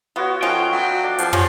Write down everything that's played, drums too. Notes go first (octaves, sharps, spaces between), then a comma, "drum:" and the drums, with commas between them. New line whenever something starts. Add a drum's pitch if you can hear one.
B3 F4 F#4 C#5
F3 C#4 D#4 F4 A4 G5
F#3
D4 F5
F3, drum: hi-hat
C#4 F4 G4 A#5, drum: tom